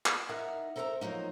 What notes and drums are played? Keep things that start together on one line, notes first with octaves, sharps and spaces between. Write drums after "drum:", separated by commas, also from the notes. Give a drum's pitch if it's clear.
drum: clap
D#4 A#4 E5 F#5
A4 A#4 C5 D#5 E5 A#5
F3 F#3 A#3 D#4